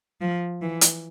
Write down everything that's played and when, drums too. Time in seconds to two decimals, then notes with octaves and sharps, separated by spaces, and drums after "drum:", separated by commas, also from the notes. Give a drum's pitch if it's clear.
0.21 F3
0.62 E3
0.81 drum: hi-hat